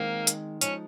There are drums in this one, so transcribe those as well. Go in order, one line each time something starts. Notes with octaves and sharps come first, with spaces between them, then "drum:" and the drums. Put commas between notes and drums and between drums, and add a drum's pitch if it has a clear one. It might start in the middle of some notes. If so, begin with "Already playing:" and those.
Already playing: D#3 G#3 A#3 C4 D#4
drum: hi-hat
F3 G#3 C#4 D#4, drum: hi-hat